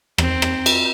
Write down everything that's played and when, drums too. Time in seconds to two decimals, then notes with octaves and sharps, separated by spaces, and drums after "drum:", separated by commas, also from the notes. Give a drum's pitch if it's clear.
0.18 E2 C4, drum: rim click
0.42 drum: rim click
0.66 drum: cymbal